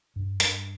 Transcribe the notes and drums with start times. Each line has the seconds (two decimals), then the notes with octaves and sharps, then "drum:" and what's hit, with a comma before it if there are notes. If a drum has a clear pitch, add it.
0.16 G2
0.40 G2, drum: hi-hat